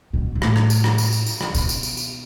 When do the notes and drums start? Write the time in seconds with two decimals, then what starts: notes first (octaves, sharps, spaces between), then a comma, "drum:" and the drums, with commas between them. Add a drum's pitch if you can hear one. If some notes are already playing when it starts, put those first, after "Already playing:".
0.13 B2
0.35 B2
0.42 A2, drum: rim click
0.56 drum: rim click
0.70 drum: tambourine
0.84 drum: rim click
0.98 drum: tambourine
1.12 drum: tambourine
1.27 drum: tambourine
1.41 drum: rim click
1.55 B2, drum: tambourine
1.69 drum: tambourine
1.83 drum: tambourine
1.97 drum: tambourine